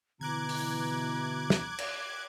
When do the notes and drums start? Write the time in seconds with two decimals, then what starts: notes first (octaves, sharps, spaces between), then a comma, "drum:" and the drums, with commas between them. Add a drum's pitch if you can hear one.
0.21 B2 D3 E3 A#5 D6 F#6 G#6
0.49 drum: open hi-hat
1.50 drum: snare
1.79 drum: cymbal